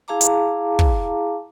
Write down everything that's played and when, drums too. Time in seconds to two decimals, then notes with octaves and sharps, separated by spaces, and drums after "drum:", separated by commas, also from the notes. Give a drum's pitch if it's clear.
0.08 E4 G#4 F5 A5 A#5 D6
0.21 drum: hi-hat
0.79 drum: kick